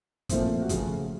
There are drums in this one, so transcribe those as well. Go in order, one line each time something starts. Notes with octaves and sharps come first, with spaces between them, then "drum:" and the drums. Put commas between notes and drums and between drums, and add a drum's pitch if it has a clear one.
A#2 F3 A3 C4, drum: kick, hi-hat
F#4
C#3 F3 A3 F4, drum: kick, hi-hat